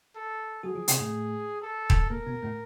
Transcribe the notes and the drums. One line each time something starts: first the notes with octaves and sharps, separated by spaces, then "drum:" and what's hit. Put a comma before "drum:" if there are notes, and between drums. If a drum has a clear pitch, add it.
A4
F#3 F#4 G#4
F3 F4
C3 C4, drum: hi-hat
A2 A3
A4
drum: kick D#1
A#2 A#3 A#4
B2 B3
A2 A3